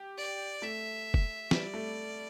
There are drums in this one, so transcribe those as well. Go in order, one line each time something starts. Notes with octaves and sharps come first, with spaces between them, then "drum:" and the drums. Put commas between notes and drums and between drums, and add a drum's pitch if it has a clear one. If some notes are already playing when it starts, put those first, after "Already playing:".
Already playing: G4
D5
A3 E5
drum: kick
G3 D5, drum: snare
A3